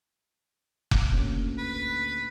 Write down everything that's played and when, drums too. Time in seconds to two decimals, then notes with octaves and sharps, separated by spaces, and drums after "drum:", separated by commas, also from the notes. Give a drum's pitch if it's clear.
0.91 drum: kick F1
1.12 D2 A#2 C#4
1.58 B4